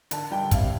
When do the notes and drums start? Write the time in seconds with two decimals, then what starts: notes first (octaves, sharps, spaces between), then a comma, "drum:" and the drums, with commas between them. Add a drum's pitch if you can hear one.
0.11 D3 A5, drum: hi-hat
0.31 G3 G5
0.51 C3 F5, drum: kick, hi-hat